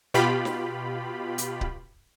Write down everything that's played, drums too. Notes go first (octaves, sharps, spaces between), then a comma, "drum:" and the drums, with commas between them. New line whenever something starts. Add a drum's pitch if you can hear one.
B2 F4 G4 B5
drum: snare
drum: hi-hat
drum: kick C#1